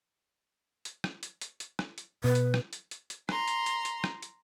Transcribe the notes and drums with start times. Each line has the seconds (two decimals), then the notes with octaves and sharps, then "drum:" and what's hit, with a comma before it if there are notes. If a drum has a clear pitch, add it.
0.85 drum: hi-hat
1.04 drum: rim click
1.23 drum: hi-hat
1.41 drum: hi-hat
1.60 drum: hi-hat
1.79 drum: rim click
1.98 drum: hi-hat
2.24 B2 B4
2.35 drum: hi-hat
2.54 drum: rim click
2.73 drum: hi-hat
2.91 drum: hi-hat
3.10 drum: hi-hat
3.29 A#5 C6, drum: rim click
3.48 drum: hi-hat
3.66 drum: hi-hat
3.85 drum: hi-hat
4.04 drum: rim click
4.22 drum: hi-hat